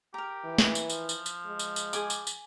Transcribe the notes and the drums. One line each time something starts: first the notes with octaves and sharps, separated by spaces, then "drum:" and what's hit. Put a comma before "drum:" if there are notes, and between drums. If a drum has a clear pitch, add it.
G4 A#4 A#5
E3
drum: snare
drum: tambourine
F3, drum: tambourine
drum: tambourine
drum: tambourine
G#3
drum: tambourine
drum: tambourine
G#4 G#5 D6, drum: tambourine
drum: tambourine
drum: tambourine